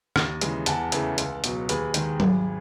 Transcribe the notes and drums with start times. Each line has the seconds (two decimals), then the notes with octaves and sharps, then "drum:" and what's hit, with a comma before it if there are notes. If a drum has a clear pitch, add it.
0.16 D#2, drum: rim click
0.41 C#3 E3 G#3, drum: hi-hat
0.66 E2 F#5 A5, drum: hi-hat
0.92 C#3 E3 A3, drum: hi-hat
1.18 C#2, drum: hi-hat
1.44 B2 F#3, drum: hi-hat
1.69 D#2 G#4 B4, drum: hi-hat
1.94 D#3 G#3, drum: hi-hat
2.20 G#1, drum: tom F#3